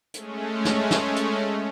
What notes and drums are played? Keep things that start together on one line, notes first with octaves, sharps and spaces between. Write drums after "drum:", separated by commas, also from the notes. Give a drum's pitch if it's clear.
G#3 A3 C#4, drum: hi-hat
drum: snare
drum: snare
drum: hi-hat